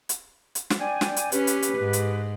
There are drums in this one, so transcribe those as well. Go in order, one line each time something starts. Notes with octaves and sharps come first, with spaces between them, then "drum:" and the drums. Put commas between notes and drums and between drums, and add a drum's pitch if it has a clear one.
drum: hi-hat
drum: hi-hat
drum: snare
D5 G5 G#5
drum: snare
drum: hi-hat
C#4 G4 B4, drum: hi-hat
drum: hi-hat
drum: hi-hat
G#2
drum: hi-hat